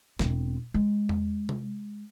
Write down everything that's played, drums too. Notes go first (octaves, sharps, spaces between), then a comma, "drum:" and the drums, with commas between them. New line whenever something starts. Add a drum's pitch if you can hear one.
E1 C4, drum: snare
G#3
drum: tom E2
drum: tom C3